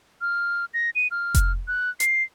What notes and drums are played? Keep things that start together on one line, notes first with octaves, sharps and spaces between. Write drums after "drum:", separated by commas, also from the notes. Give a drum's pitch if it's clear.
F6
A#6
D#7
F6
drum: kick F1, hi-hat
F#6
C7, drum: hi-hat